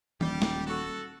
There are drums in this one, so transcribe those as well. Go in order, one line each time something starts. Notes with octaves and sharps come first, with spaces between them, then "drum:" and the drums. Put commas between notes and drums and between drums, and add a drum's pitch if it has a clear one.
D#1 G3 G4, drum: tom E3
drum: snare
F#4 A4